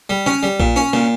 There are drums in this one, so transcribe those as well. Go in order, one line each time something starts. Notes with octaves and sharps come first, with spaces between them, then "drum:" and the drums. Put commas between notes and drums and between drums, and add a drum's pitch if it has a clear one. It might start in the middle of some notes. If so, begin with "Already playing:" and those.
G3
C#4, drum: snare
G3
A#2, drum: kick A#1
C#4
A#2, drum: snare